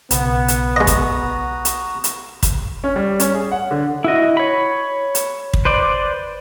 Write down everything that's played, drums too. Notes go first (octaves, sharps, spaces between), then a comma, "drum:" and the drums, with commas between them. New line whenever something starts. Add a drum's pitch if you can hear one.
B1 C#3 B3, drum: hi-hat
drum: hi-hat
G#3 F#4 D#5 A#5 D#6
drum: kick, hi-hat
drum: hi-hat
drum: hi-hat
drum: kick, hi-hat
C#4
G3
C#4, drum: hi-hat
G#4
F#5
D3
E4 F#4 D#5
C#5 B5
drum: hi-hat
drum: kick
B4 C5 D5